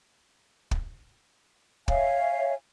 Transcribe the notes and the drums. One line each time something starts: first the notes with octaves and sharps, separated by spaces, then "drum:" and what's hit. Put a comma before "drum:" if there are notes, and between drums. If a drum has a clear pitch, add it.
drum: kick
C#5 E5 F5 G#5, drum: kick